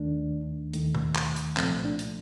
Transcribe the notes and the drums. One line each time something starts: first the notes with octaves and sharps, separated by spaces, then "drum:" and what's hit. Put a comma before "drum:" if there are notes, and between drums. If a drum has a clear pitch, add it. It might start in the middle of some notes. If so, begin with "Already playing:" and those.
Already playing: D#2 D#3 A3 D4
D#2 D#3 A3, drum: hi-hat
drum: tom B2
drum: clap
drum: hi-hat
C2 A#2 F3 A3 C4, drum: clap
D4
drum: hi-hat